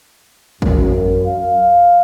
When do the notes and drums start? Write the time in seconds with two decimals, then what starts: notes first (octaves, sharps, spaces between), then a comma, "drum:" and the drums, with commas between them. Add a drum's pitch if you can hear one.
0.62 F#2, drum: kick A1
1.26 F5